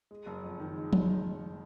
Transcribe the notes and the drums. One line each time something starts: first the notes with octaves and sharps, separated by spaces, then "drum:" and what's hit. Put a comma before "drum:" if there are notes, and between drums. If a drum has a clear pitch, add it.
G#3
F#1
F2
D#3
G#3
F#1, drum: tom F3